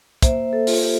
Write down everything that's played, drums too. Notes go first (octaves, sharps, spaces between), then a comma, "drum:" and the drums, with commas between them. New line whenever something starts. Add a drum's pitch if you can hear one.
A#3 C5 E5, drum: kick, hi-hat
A4
F4 A4, drum: open hi-hat
G4